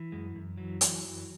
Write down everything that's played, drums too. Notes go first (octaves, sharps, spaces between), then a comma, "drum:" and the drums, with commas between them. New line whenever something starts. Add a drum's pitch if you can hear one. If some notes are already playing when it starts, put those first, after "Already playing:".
Already playing: E3
F#2 G#3
F#2
E3 F#3
E3, drum: hi-hat
F#2